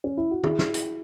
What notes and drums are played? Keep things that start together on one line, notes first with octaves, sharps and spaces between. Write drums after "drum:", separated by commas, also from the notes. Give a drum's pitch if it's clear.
C#4
E4
F#4
E4 G#4, drum: tom
drum: snare
drum: hi-hat